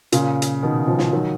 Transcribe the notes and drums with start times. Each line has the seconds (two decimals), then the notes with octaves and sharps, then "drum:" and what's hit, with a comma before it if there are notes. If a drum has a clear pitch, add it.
0.12 A#2 C#3, drum: hi-hat
0.42 drum: hi-hat
0.63 B2 D#3
0.87 C#3 F3
0.99 drum: snare
1.12 D#3 F#3